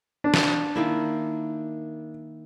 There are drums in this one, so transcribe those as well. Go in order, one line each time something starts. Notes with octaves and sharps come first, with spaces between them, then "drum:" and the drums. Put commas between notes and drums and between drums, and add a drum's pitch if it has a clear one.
D4
drum: snare
D#3 A#3 E4